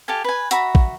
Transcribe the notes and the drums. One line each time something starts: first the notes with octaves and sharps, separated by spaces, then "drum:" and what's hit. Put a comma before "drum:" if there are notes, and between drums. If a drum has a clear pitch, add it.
G4 A4 F5 G#5
B4 G#5
F#4 E5 A#5 B5, drum: hi-hat
drum: kick A1